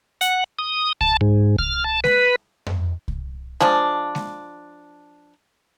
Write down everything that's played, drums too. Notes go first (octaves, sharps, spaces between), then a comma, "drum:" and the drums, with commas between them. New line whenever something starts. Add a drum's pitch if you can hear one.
F#5, drum: hi-hat
D#6
A5, drum: kick C2
G#2
F6, drum: kick C2
A5
B4, drum: snare G#3
drum: tom F2
drum: kick C2
F3 G#3 D4, drum: snare G#3
drum: snare G#3